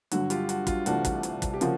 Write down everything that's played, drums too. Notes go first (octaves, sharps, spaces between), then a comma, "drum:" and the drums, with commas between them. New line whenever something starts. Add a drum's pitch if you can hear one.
G2 D3 F#3 F#4, drum: hi-hat
F4 G4, drum: hi-hat
F#4, drum: hi-hat
F4, drum: kick, hi-hat
C2 C3 E3 A3 D4 F#4, drum: hi-hat
drum: kick, hi-hat
drum: hi-hat
drum: kick, hi-hat
G4
C#3 F3 A#3 F#4, drum: hi-hat